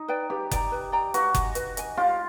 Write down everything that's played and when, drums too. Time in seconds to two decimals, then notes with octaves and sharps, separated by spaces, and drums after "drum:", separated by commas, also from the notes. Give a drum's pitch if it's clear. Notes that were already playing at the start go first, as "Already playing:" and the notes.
Already playing: D#4
0.08 B4 D5 G5
0.30 G4 B4
0.51 D5 G5 A#5, drum: kick F#1, hi-hat
0.72 B4
0.92 D5 G5 A#5
1.14 F#4 B4, drum: hi-hat
1.34 D#5 G#5, drum: kick F#1, hi-hat
1.55 B4, drum: hi-hat
1.77 D#5 G#5, drum: hi-hat
1.97 F4 G4